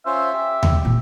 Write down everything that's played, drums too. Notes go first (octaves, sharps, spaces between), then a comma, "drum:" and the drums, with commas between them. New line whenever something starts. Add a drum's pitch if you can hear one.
C#4 F4 C5 E5
G4
drum: tom D#2
A#2